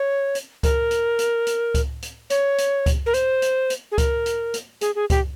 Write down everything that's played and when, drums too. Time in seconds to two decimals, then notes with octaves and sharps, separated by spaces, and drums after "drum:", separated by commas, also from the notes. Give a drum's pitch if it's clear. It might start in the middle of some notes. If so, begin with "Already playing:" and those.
Already playing: C#5
0.35 drum: hi-hat
0.63 A#4, drum: kick C#2, hi-hat
0.91 drum: hi-hat
1.19 drum: hi-hat
1.47 drum: hi-hat
1.75 drum: kick C#2, hi-hat
2.02 drum: hi-hat
2.30 C#5, drum: hi-hat
2.58 drum: hi-hat
2.86 drum: kick C#2, hi-hat
3.06 A#4
3.14 C5, drum: hi-hat
3.42 drum: hi-hat
3.70 drum: hi-hat
3.92 G#4
3.98 A#4, drum: kick C#2, hi-hat
4.26 drum: hi-hat
4.54 drum: hi-hat
4.81 G#4, drum: hi-hat
4.95 G#4
5.10 G4, drum: kick C#2, hi-hat